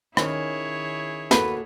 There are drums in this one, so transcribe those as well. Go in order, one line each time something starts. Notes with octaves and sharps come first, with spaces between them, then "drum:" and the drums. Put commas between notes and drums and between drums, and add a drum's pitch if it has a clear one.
D#3 C#4 E4 G#4 C#5 G#5, drum: rim click
A#3 F#4 A4 B4, drum: snare